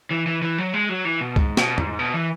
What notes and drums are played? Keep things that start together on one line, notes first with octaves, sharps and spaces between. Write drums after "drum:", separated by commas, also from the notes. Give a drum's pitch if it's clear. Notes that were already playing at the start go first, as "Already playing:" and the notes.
E3
E3
E3
F#3
G#3
F#3
E3
B2
G#2, drum: kick C2
B2, drum: snare
G#2, drum: tom
B2
E3